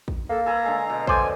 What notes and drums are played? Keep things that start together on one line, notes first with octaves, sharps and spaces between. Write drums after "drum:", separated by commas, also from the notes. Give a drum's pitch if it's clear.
drum: kick
A#3 A4
A4 B4 G#5 A#5
D3 G#3
B2
D3 C5 D5 G#5, drum: kick